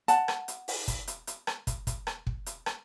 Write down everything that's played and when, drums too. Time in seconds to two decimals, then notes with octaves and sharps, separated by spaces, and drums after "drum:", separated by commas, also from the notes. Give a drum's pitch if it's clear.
0.08 F#5 A5, drum: hi-hat
0.28 drum: rim click
0.48 drum: hi-hat
0.68 drum: open hi-hat
0.88 drum: kick, hi-hat
1.07 drum: hi-hat
1.27 drum: hi-hat
1.47 drum: rim click
1.67 drum: kick, hi-hat
1.87 drum: kick, hi-hat
2.07 drum: rim click
2.27 drum: kick
2.46 drum: hi-hat
2.66 drum: rim click